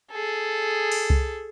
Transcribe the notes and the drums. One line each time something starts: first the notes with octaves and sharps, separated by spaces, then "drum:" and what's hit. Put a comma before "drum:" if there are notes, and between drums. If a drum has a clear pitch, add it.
G#4 A4
drum: open hi-hat
drum: kick C2